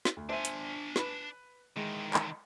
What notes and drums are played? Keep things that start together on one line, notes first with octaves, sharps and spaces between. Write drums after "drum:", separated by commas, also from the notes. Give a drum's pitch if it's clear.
drum: snare
D2
D4 C5 E5 G#5
drum: hi-hat
B4 B5, drum: snare
E2 D#3 G#3
drum: clap